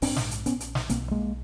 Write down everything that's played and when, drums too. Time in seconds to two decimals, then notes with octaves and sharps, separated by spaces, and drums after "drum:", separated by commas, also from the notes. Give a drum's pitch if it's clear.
0.02 A#1 G#2 C4 D4, drum: open hi-hat
0.16 drum: snare
0.31 drum: hi-hat
0.46 B3 C#4, drum: hi-hat
0.60 drum: hi-hat
0.75 drum: snare
0.89 B1 B2 A#3 C4, drum: hi-hat
1.11 G#3 A#3